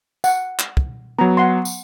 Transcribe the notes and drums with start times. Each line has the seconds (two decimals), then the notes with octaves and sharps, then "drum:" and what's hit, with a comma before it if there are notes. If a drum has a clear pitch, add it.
0.24 F#5, drum: tambourine
0.59 drum: clap
0.77 drum: kick
1.19 F#3 B3 A#5
1.37 F#5 C6
1.65 drum: tambourine